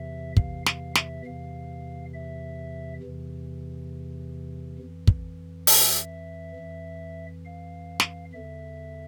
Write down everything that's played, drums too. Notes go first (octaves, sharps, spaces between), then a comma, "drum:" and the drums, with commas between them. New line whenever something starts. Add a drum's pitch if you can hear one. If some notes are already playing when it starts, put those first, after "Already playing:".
Already playing: E2 C3 E3 E5
F5, drum: kick
F5, drum: snare
E5, drum: snare
E2 C3 E3 F5
E5
E2 C3 E3
F2 E3
drum: kick
E5, drum: open hi-hat
F2 E3
F5
drum: snare
E2 D3 E5